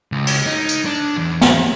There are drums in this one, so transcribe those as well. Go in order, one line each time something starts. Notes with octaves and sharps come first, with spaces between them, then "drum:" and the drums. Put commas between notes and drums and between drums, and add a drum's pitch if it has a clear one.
C#2
drum: cymbal
D#4
drum: tambourine
D4
E2
drum: snare